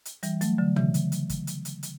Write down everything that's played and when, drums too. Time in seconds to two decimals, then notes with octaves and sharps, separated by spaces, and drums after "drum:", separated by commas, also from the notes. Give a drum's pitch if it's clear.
0.05 drum: hi-hat
0.23 E3 G3, drum: hi-hat
0.41 F#3 A3, drum: hi-hat
0.59 D3 F#3
0.76 C#3 E3, drum: tom
0.94 drum: hi-hat
1.12 drum: hi-hat
1.29 drum: kick, hi-hat
1.47 drum: hi-hat
1.65 drum: hi-hat
1.83 drum: hi-hat